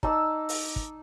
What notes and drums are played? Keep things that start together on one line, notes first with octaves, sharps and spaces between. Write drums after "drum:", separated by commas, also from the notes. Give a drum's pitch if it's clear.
D#4 D5 A5 E6, drum: kick
drum: open hi-hat
drum: kick